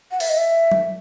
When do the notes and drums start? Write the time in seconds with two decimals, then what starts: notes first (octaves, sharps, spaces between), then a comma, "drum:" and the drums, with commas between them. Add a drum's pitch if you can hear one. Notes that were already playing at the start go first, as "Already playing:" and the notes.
0.11 F#5
0.20 E5, drum: open hi-hat
0.29 D#5
0.38 E5
0.72 drum: tom F#3